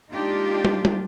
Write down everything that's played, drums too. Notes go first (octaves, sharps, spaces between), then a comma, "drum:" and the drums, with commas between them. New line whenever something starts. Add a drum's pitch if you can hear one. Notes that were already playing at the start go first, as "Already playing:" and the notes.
G#3 A#3 D4 D#4 F4 G4
drum: tom
drum: tom